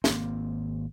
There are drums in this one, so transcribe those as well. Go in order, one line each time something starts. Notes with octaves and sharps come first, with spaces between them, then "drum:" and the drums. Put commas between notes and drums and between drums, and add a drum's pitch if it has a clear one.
G#1 A#3 C4, drum: snare